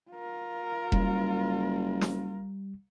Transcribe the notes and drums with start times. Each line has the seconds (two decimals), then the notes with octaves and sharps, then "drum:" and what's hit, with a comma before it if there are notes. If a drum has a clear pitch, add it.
0.11 F4 A#4
0.92 F#1 G3, drum: kick E1
2.01 drum: snare